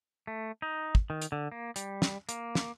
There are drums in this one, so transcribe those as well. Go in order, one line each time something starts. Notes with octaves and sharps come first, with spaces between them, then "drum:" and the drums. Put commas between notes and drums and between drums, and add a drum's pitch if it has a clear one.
A3
D#4
drum: kick
D#3
drum: hi-hat
D3
A#3
G3, drum: hi-hat
drum: snare
A#3, drum: hi-hat
drum: snare